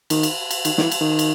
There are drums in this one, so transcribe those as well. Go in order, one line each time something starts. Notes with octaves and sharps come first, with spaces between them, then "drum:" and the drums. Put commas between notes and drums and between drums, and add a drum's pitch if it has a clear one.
D#3, drum: cymbal
drum: cymbal
drum: cymbal
D#3, drum: cymbal
D#3, drum: snare
E3
drum: cymbal
D#3
drum: cymbal